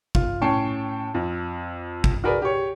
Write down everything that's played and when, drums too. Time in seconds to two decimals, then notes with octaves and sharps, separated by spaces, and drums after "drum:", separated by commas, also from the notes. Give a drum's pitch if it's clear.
0.15 F4, drum: kick
0.41 A2 C#4 C#5 G5 A5 C7
1.14 F2
2.04 drum: kick
2.24 F#4 G#4 A#4 B4 D5
2.42 G4 C#5